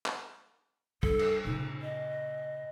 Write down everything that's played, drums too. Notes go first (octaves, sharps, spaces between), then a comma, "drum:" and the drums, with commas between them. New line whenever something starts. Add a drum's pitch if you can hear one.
drum: clap
G3 D4 A4, drum: kick
drum: cymbal
A#2 C#3 D#4
D#5